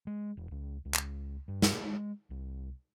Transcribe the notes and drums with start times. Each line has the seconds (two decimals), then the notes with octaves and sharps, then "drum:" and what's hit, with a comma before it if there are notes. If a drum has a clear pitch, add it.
0.07 G#3
0.37 E1
0.51 C#2
0.85 C#2
0.94 drum: clap
1.48 G2
1.62 drum: snare
1.77 G#3
2.30 C2